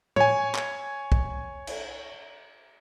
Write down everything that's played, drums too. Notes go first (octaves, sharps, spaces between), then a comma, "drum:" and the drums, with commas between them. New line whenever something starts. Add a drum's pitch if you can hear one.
C#5 G#5, drum: tom A2
drum: clap
drum: kick
drum: cymbal